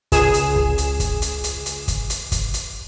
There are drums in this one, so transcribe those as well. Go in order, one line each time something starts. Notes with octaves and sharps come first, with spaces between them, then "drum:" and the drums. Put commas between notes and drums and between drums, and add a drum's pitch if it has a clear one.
C#2 G#4 E7, drum: kick, hi-hat
drum: hi-hat
drum: kick
drum: hi-hat
drum: kick, hi-hat
drum: hi-hat
drum: hi-hat
drum: hi-hat
drum: kick, hi-hat
drum: hi-hat
drum: kick, hi-hat
drum: hi-hat